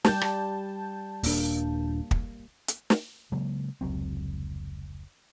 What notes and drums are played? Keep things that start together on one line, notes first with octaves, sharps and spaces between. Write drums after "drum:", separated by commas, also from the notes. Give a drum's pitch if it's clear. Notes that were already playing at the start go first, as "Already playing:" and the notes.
G3 G4 A5 G6, drum: snare
drum: rim click
D#1 A#3 D4, drum: open hi-hat
drum: kick
drum: hi-hat
drum: snare
C#3 F#3 G#3 A#3
F1 C#2 F#3 C4